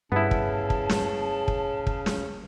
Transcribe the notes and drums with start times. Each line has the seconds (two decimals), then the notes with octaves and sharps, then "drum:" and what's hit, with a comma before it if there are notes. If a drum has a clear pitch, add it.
0.12 G2 C#3 B3 E4 A5
0.31 drum: kick
0.70 drum: kick
0.89 drum: snare
1.48 drum: kick
1.87 drum: kick
2.06 drum: snare